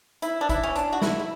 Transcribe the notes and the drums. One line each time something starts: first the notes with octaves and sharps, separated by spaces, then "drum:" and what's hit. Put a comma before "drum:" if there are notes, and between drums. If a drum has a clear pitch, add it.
E4, drum: hi-hat
D4
E4, drum: kick, hi-hat
C#4
D4, drum: hi-hat
F#4
E4, drum: snare
E4